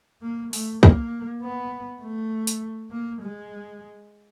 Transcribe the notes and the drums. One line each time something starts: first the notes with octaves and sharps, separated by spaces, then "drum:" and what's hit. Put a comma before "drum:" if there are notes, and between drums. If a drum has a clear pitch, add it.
A#3
A3, drum: open hi-hat
A#3, drum: kick
B3
A3
drum: hi-hat
A#3
G#3